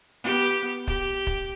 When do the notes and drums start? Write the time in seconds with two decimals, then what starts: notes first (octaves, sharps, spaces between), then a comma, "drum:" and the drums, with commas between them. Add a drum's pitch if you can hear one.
0.23 B3 G4
0.87 G4, drum: kick
1.27 drum: kick